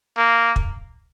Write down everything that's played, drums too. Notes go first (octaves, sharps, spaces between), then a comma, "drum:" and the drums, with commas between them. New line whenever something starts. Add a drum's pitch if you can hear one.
A#3
drum: kick